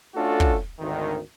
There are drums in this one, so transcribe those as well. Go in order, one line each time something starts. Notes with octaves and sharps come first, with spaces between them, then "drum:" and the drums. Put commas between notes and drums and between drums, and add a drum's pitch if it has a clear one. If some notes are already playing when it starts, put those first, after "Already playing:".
A3 C#4 D4 F4 F#4 A4
drum: kick
G#1 D2 D#3